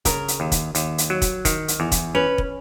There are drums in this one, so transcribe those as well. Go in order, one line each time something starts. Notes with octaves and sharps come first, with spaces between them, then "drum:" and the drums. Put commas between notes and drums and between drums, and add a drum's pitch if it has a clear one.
C#3 A#4, drum: kick, hi-hat
drum: hi-hat
D#2
drum: kick, hi-hat
D#2, drum: hi-hat
drum: hi-hat
F#3
drum: kick, hi-hat
D#3, drum: kick, hi-hat
drum: hi-hat
E2
drum: kick, hi-hat
C#4 B4
drum: kick